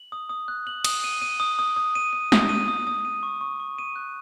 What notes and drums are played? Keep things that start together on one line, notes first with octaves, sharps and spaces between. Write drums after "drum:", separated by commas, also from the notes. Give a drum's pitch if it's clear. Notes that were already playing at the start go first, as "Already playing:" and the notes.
Already playing: F#7
D#6
D#6
F#6
F#7
D#6, drum: cymbal
D#7
D#7
D#6
D#6
D#6
D#7
D#7
D#6, drum: snare
D#7
D#6
D#6
D#7
C#6
C#6
C#6
D#7
F#6